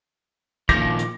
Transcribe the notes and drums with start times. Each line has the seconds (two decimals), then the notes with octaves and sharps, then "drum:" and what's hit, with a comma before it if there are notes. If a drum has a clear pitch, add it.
0.69 A#2 D#3 F3 D6 A#6, drum: kick, hi-hat
0.99 drum: hi-hat